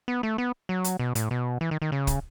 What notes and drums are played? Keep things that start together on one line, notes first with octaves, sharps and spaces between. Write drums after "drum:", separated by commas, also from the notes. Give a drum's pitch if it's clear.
B3
A3
B3
F#3
drum: hi-hat
B2
A2, drum: hi-hat
B2
E3
D#3
D#3
C#3
drum: kick, hi-hat